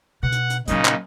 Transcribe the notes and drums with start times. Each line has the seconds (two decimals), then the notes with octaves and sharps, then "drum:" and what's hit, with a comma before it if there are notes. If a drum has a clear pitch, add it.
0.23 B2 F#5
0.32 drum: hi-hat
0.50 drum: hi-hat
0.68 A#2 C#3 F3 F#3 D#4, drum: hi-hat
0.85 drum: clap